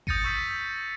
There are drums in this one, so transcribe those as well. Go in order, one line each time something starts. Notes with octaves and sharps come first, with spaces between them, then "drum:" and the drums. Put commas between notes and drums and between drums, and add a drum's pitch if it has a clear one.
D#6 G6 A6 A#6 C#7 D#7, drum: kick G#1
C#6 E6 G6 B6